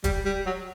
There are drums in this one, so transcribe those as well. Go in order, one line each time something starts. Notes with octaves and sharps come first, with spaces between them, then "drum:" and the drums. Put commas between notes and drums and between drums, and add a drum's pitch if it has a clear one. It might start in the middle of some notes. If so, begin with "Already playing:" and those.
G3, drum: kick, hi-hat
G3
F#3